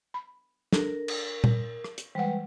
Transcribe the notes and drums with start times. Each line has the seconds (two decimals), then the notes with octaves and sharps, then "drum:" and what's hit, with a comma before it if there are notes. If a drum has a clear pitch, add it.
0.14 B5
0.73 D4 A4 A#4, drum: snare
1.08 drum: cymbal
1.44 drum: tom A#2
1.84 drum: rim click
1.98 drum: hi-hat
2.15 E3 G3 G#3 B4 F#5